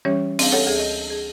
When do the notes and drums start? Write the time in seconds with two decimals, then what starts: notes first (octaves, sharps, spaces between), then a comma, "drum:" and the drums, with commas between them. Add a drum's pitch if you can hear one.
0.05 E3 G3 C#4 G4 C#5
0.39 C4 D4 G#4 F5, drum: open hi-hat
0.52 B3 G4 A4 C#5 F#5
0.67 D2 G#4 E5
0.79 D#5
1.10 G#4